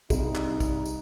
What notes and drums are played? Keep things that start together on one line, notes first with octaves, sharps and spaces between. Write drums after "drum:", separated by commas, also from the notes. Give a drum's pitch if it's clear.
C2 G2 D#4, drum: kick, tambourine
drum: clap
drum: kick, tambourine
drum: tambourine